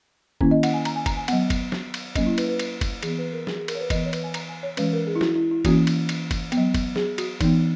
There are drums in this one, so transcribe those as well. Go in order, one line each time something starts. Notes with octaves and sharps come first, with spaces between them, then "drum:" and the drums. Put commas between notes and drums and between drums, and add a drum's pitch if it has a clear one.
D#3 A#3 C#4 E4, drum: kick
D#5
F#5, drum: cymbal
G#5
A#5, drum: cymbal
G#5
A#5, drum: kick, cymbal
G#5
F#3 B3 F#5, drum: cymbal
drum: kick, cymbal
drum: snare
drum: cymbal
F#3 A#3 C#4 D#5, drum: kick, cymbal
E4
B4, drum: cymbal
B4
drum: cymbal
drum: kick, cymbal
E3 B3 G#4, drum: cymbal
B4
A#4
G#4, drum: snare
G#4
A#4, drum: cymbal
C#5
B4
E3 B3 D#5, drum: kick, cymbal
C#5
B4, drum: cymbal
G#5
A#5, drum: cymbal
G#5
C#5
E3 G#3 C#4 B4, drum: cymbal
A#4
G#4
E4
F#4, drum: snare
E4
E4
E3 A#3 C#4 F#4, drum: kick, cymbal
drum: cymbal
drum: cymbal
drum: kick, cymbal
B3, drum: cymbal
F#3
drum: kick, cymbal
G#4, drum: snare
F#4, drum: cymbal
E3 B3 D#4, drum: kick, cymbal